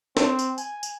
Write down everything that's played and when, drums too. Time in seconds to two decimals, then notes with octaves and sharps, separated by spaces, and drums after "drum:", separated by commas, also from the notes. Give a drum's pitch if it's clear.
0.17 C4, drum: snare
0.39 drum: tambourine
0.58 G#5, drum: tambourine
0.83 drum: tambourine